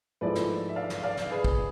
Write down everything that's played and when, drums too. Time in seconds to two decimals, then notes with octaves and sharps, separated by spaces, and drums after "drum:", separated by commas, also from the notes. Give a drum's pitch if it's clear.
0.21 G#2 F3 A3 E4 B4 D5
0.35 drum: snare
0.69 E5
0.76 D5 F5
0.90 drum: snare
1.03 D5 F5
1.17 drum: snare
1.31 G#4 B4
1.44 drum: kick